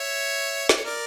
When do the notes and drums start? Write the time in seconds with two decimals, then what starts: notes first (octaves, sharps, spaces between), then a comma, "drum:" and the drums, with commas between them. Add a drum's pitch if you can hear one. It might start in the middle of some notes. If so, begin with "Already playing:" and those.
Already playing: C#5 E5
0.69 D5, drum: snare
0.77 C#5
0.84 A#4 D5